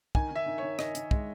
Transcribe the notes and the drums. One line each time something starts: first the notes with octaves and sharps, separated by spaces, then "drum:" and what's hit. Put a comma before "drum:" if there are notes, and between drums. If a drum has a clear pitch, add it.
D#3 G#5, drum: kick
D#3 E5
D#3
D#3 C#5
D#3 D#5, drum: rim click
D#3, drum: hi-hat
G#3, drum: kick